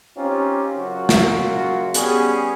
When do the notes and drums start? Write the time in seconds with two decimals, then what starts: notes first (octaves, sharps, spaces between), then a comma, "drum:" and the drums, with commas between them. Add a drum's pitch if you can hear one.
0.16 C4 C#4 D#4 F4 G4
0.75 F#2 C#3 F4 F#4
1.09 drum: snare
1.94 G3 B3 C#4 G#4, drum: hi-hat